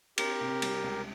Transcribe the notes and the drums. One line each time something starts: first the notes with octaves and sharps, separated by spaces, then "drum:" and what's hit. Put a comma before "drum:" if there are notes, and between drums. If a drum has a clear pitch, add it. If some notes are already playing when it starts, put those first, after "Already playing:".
C4 G4 A#4, drum: cymbal
C3
G3, drum: cymbal
C#2